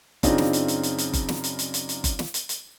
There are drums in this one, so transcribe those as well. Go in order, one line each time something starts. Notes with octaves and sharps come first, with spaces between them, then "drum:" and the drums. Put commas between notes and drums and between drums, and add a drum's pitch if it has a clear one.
F#2 C#3 C4 D4 D#4 F4, drum: kick F#1, hi-hat
drum: snare
drum: hi-hat
drum: hi-hat
drum: hi-hat
drum: hi-hat
drum: kick F#1, hi-hat
drum: snare
drum: hi-hat
drum: hi-hat
drum: hi-hat
drum: hi-hat
drum: kick F#1, hi-hat
drum: snare
drum: hi-hat
drum: hi-hat